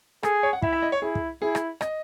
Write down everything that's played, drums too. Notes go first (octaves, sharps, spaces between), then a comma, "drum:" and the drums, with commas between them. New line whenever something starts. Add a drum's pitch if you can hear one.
G#4 A4, drum: rim click
C#5
F#5
E4 E5, drum: kick
E5
D#5
C#5
E4 G#4
drum: kick
E4 G#4
drum: rim click
D#5, drum: rim click